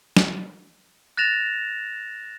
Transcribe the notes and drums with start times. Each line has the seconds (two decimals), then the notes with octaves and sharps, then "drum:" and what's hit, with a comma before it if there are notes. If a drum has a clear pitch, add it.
0.17 drum: snare
1.17 F#6 A6 A#6 E7 F7